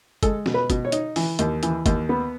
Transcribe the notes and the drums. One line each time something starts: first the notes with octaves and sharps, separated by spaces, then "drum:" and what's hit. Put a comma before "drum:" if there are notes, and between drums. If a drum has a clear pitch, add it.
G#3 A4, drum: kick G1, hi-hat
B2, drum: snare
B4
B2, drum: kick G1, hi-hat
C#5
D#4, drum: hi-hat
E3, drum: open hi-hat
D#2, drum: hi-hat
E3, drum: hi-hat
D#2, drum: kick G1, hi-hat
B3